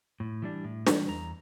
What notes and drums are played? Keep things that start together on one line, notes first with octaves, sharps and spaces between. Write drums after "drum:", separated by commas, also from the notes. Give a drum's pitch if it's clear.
A2
E3 G3 D4
A2
E3 G3 D4, drum: snare
E2 A#5